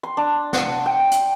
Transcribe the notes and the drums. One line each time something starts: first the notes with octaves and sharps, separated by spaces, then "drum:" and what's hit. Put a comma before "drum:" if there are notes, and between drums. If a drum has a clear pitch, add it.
C6
D4
F#5, drum: snare
G5
drum: hi-hat